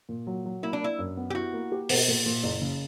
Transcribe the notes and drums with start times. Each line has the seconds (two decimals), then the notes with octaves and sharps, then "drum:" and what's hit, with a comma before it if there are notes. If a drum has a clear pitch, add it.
0.09 A#2
0.27 F#3
0.46 F#3
0.62 A#3 E4
0.73 D4
0.81 A#3 E4
0.99 F#2
1.17 B3
1.30 G4
1.35 E4 F#4
1.53 A#3
1.72 G4
1.89 B2, drum: open hi-hat
2.08 A#2
2.26 A#2
2.44 F#1
2.61 C#3